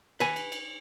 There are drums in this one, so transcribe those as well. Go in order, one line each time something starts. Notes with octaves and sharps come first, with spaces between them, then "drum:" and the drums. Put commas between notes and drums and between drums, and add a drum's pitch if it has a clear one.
B4 G#5, drum: cymbal
drum: cymbal
drum: cymbal